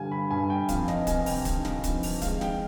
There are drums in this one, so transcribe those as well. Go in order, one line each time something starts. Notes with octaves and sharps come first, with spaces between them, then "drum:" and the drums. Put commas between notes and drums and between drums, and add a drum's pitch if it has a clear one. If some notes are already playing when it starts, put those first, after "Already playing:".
Already playing: G2 D3 G3 F5 G#5
B5
G2 G#5
G5
F2 F5, drum: kick, hi-hat
D#5, drum: snare
C3 G#5, drum: kick, hi-hat
G5, drum: open hi-hat
D#3, drum: kick, hi-hat
drum: snare
F2, drum: kick, hi-hat
drum: open hi-hat
G#3 F5, drum: kick, hi-hat
G5, drum: snare